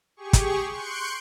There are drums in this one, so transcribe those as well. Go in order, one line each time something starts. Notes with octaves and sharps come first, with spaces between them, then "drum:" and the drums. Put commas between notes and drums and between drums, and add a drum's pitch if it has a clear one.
G4 G#4 C#6
drum: kick, hi-hat
C6 C#6 F#6 G6 C#7 D7